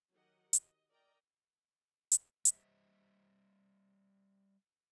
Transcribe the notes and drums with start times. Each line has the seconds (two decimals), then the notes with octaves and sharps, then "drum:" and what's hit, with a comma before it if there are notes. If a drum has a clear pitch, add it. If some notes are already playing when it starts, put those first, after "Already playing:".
0.12 D#3 F#3 G4 A#4 D#5 F#5
0.53 D#5, drum: hi-hat
0.90 A#4 D5 D#5 G5 A#5
2.12 drum: hi-hat
2.45 G3 C5 D#5 E5, drum: hi-hat